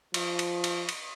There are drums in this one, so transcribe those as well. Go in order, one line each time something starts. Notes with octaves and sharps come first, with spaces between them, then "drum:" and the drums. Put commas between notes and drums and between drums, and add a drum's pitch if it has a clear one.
F3, drum: cymbal
drum: cymbal
drum: cymbal
drum: cymbal